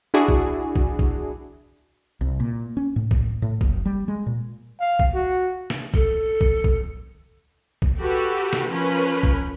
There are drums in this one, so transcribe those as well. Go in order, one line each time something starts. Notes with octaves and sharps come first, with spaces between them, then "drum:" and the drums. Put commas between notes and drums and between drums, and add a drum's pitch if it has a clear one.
D4 E4 F#4 G#4
drum: kick
drum: kick
drum: kick
C2
A#2
C#4
A2
drum: kick
A2
F#1, drum: kick
G3
G#3
A#2
F5
drum: kick
F#4
drum: snare
A4, drum: kick
drum: kick
drum: kick
drum: kick
F#4 G4 A4 B4
drum: snare
F3 C#4 A#4 B4
drum: kick